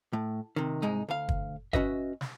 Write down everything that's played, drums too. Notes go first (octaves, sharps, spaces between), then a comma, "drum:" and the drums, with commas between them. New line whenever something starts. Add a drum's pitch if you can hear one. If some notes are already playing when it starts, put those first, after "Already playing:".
A2
C3 D#3
C2 G#2 G#3 D#4
D2 F5
drum: kick
C#4 D#4 F#4 B4 D#5 E5, drum: kick
drum: snare